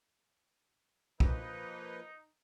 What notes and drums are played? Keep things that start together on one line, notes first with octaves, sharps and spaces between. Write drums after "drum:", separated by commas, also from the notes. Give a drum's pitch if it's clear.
F3 A#3 D#4 B4, drum: kick B1